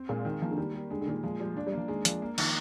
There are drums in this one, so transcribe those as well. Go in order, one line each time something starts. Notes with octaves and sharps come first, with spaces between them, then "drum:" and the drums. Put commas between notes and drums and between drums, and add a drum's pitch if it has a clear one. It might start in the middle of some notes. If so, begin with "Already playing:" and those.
Already playing: C4
A#2 G#3
D#3
F3 A#3
D3
D#3 G3
G3
D3 G#3
D3
A#2 D#3
F3 G#3
F3 G3
F3 D4
G3
A#3
F3
D#3 G#3
F3 D4, drum: hi-hat
A#3
D#3 F3, drum: cymbal